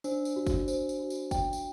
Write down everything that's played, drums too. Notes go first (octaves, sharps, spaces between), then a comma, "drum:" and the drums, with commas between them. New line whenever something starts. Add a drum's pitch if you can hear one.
D4 C5, drum: tambourine
drum: tambourine
F#4
drum: kick F#1, tambourine
C5, drum: tambourine
drum: tambourine
F#4
drum: tambourine
G5, drum: kick F#1, tambourine
drum: tambourine